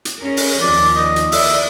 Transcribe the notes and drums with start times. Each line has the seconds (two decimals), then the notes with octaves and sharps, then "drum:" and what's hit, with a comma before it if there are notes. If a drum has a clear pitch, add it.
0.05 drum: hi-hat
0.18 C#4 G#4 A#4
0.37 drum: open hi-hat
0.62 D#2 D#3 F3 D5
0.96 D#5
1.16 drum: hi-hat
1.32 A#3 E4 D5 E5, drum: open hi-hat